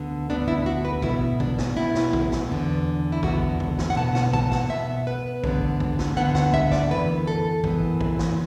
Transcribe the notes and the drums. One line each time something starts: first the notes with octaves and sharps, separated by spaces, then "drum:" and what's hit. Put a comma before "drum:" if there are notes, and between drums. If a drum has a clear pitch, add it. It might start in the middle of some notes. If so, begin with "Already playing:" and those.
Already playing: D2 D3 B3
D2 D3 B3 D4
E4
F#4
B4
B2 B3 E4, drum: kick
D4, drum: kick
drum: snare
B2 B3 E4
drum: snare
drum: kick
drum: snare
E2 D3 B3
E4
E2 D3 B3 F#4, drum: kick
drum: kick
drum: snare
F#5
B2 B3 A5
F#5, drum: snare
A5, drum: kick
F#5, drum: snare
B2 B3 E5
B4
D2 D3 B3, drum: kick
drum: kick
drum: snare
D2 D3 B3 F#5
F#5, drum: snare
E5, drum: kick
D5, drum: snare
F#2 E3 B3 B4
A4
F#2 E3 B3, drum: kick
drum: kick
drum: snare